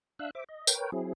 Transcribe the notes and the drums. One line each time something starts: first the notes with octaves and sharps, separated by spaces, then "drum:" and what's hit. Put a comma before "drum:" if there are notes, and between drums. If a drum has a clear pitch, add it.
D4 E5 F5 E6 F#6
C5 E5 D6
D#5
A#4 B4 C#5 G5, drum: tambourine
F#3 C4 E4 G#4